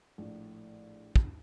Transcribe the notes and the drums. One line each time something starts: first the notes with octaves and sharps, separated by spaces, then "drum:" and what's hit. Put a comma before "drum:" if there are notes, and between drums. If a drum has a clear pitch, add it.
A#1 A2
drum: kick